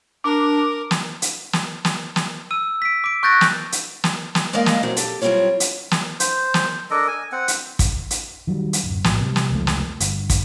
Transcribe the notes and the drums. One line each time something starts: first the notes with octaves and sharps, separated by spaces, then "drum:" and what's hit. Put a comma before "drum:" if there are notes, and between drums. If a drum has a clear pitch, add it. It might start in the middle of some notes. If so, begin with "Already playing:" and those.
D4 A#4 D6
drum: snare
drum: hi-hat
drum: snare
drum: snare
drum: snare
E6 D#7
B6 D7
D6 D7
C#6 F#6 G6 A6 A#6 D7
drum: snare
drum: hi-hat
drum: snare
drum: snare
G#3 A#3 A#4 D5 D#5 F5
drum: snare
A#2 F#3 C4
G4 A4, drum: hi-hat
F#3 G3 C4 E4 F4 C#5
drum: hi-hat
drum: snare
C5, drum: hi-hat
drum: snare
D4 A4 A#4 D#5
G#5
C4 F#5
drum: hi-hat
drum: kick, hi-hat
drum: hi-hat
D#3 F#3 G3
drum: hi-hat
D1 F#2
A#1 A2 F#3, drum: snare
C3 G3
drum: snare
F1 C#2 F3 A3
drum: snare
G1, drum: hi-hat
drum: kick, hi-hat